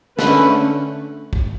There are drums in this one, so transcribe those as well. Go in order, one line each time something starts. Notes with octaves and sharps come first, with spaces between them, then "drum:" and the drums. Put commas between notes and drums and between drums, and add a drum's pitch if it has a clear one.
D3 A3 C#4 B4, drum: snare
drum: kick